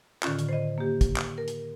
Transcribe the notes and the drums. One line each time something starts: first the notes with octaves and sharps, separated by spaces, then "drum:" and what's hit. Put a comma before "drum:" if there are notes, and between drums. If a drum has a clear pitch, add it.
A2 D3 D#3 C#4 F4, drum: clap
drum: hi-hat
C5 D#5
A#3 G4
drum: kick, hi-hat
drum: clap
A#4
drum: hi-hat